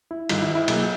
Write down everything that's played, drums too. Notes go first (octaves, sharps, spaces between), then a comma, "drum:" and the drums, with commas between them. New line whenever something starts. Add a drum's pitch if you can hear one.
E4
G2 D#3 G3 F4, drum: cymbal
E4
E4
B2 F#3 A#3 G#4, drum: cymbal